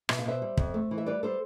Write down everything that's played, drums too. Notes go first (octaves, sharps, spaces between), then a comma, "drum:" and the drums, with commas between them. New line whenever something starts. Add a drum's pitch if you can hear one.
B2 E5, drum: rim click
F5
B2 C5 E5
G3
F2, drum: kick
A3
E3
E5
G3 B4 D5
G3 A4 C5